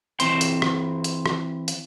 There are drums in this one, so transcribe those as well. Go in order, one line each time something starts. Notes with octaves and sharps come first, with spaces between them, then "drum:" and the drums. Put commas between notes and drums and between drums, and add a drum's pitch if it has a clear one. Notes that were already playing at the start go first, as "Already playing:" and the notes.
E3 C4 C6, drum: hi-hat
drum: hi-hat
drum: rim click
drum: hi-hat
drum: rim click
drum: hi-hat